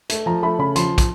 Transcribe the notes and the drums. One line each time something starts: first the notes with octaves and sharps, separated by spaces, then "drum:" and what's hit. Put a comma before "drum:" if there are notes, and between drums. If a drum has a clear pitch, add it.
A3, drum: hi-hat
F3 A#5
A3 B5
C#3 B5
F3 C6, drum: hi-hat
drum: kick, hi-hat